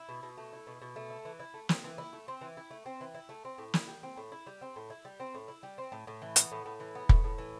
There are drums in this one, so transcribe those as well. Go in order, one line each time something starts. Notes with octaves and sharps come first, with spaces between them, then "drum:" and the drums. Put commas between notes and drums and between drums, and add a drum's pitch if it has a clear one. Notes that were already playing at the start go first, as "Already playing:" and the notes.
Already playing: E4
B2
B2
A3
E4
B2
B2
A3
E4
E3
E4
A3
C4, drum: snare
E3
E4
A3
C4
E3
E4
A3
C4
E3
E4
A3
C4
A2
E4, drum: snare
G3
C4
A2
E4
G3
C4
A2
E4
G3
C4
A2
E4
G3
C4
A2
A2
E3
B3, drum: hi-hat
A2
A2
E3
B3
A2, drum: kick
A2
E3